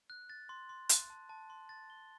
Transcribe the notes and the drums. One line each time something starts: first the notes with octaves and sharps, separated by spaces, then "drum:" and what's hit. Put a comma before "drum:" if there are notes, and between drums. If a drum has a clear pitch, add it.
F#6
A6
C6
C6
F#6, drum: hi-hat
A5
A5
C6
A6
G7